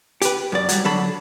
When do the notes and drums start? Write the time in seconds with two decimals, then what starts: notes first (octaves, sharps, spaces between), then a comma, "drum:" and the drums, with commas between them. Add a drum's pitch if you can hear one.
0.22 G4 B4, drum: hi-hat
0.52 F#2 D5
0.69 F#3 G3, drum: hi-hat
0.85 D3 F#3 D4 A4 B5